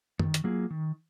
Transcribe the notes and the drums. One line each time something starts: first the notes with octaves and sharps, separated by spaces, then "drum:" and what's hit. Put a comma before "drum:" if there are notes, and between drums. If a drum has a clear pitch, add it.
D#3, drum: tom
drum: hi-hat
F#3 A#3 F4 G#4
D#3